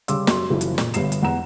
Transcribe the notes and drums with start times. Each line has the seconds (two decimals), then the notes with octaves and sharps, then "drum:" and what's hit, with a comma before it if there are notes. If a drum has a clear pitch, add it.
0.08 C#3 G3 C6 D6 E6, drum: hi-hat
0.27 F#2 C6, drum: snare
0.50 F#1 F#2 E3 F3
0.61 drum: hi-hat
0.78 A#2, drum: snare
0.94 G1 G2 B3 C7 E7, drum: hi-hat
1.12 drum: hi-hat
1.23 E2 F#5 A#5 E7